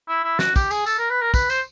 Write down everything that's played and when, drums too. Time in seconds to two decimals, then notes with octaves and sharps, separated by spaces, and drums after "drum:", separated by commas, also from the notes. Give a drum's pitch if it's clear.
0.08 E4
0.24 E4
0.39 F#4, drum: snare
0.56 G4, drum: kick, tambourine
0.71 G#4, drum: tambourine
0.86 A4, drum: tambourine
0.98 A#4
1.10 B4
1.22 A#4
1.34 B4, drum: kick, tambourine
1.50 C5, drum: tambourine